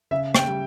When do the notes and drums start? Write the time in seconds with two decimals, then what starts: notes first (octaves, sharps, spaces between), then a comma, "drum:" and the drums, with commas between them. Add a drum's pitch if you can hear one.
0.11 C#3 E5
0.35 G5, drum: rim click
0.47 G3